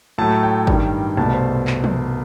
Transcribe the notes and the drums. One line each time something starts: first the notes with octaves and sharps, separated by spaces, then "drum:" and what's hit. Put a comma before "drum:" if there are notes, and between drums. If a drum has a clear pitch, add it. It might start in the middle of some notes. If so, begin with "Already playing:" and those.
A2 F#3 A3 A5
G5
G2 D#3 G3, drum: kick G1
C2 B2 A3 A5
C5
drum: clap
drum: tom